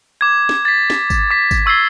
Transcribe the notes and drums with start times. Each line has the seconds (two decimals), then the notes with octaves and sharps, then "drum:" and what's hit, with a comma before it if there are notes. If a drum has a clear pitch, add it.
0.21 D6 G#6
0.49 drum: snare
0.65 A6 B6
0.90 drum: snare
1.10 drum: kick G#1, tambourine
1.31 D6 B6
1.51 drum: kick G#1, tambourine
1.66 C#6 E6 G#6 A6 C7 G7